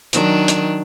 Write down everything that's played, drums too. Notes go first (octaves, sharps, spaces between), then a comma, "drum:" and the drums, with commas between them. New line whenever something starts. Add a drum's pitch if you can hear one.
D#3 F#3 D4, drum: hi-hat
drum: hi-hat